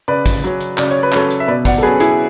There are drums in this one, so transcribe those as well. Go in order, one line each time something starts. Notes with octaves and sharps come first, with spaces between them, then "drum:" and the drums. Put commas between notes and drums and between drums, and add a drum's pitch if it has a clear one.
C#3 B4 D5
drum: kick, hi-hat
F#3 C#4
drum: hi-hat
C#3 D5, drum: clap
C#5
B4
F#3 C#4 A4 C#5, drum: clap
drum: hi-hat
E5
B2 B4 D5
D5 F#5, drum: kick, hi-hat
A4
F#3 C#4 G#4 B4
E4 G#4, drum: hi-hat